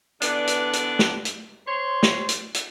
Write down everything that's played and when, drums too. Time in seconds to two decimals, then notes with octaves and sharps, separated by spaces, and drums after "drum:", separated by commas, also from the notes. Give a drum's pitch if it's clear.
0.22 D3 E3 B3 D4, drum: hi-hat
0.47 drum: hi-hat
0.73 drum: hi-hat
0.99 drum: snare
1.25 drum: hi-hat
1.67 C5 C#5 C6
2.03 drum: snare
2.29 drum: hi-hat
2.54 drum: hi-hat